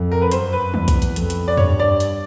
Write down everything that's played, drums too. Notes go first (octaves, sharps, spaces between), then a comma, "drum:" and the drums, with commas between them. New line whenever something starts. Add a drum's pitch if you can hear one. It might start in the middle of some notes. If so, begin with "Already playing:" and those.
Already playing: F2
A#4
B4
F#2 C5, drum: hi-hat
B4
E2, drum: tom F#3
drum: kick B1, hi-hat
drum: hi-hat
F2, drum: hi-hat
drum: hi-hat
D5
G2 C#5, drum: tom E2
D5
drum: hi-hat